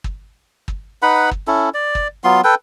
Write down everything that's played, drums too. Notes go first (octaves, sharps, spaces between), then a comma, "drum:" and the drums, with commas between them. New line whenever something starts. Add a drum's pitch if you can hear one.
drum: kick
drum: kick
D#4 B4 F#5 B5
drum: kick
C#4 E4 A4
D5
drum: kick
F#3 B3 F4 C6
A4 B4 G5